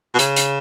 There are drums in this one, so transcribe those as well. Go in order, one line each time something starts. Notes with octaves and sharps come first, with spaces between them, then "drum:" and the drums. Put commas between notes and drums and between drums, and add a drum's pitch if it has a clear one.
B2
C#3, drum: hi-hat
drum: hi-hat